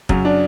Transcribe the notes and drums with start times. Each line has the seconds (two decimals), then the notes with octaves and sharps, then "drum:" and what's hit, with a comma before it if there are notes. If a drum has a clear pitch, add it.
0.09 F#2 C#3 F#3, drum: kick
0.25 D4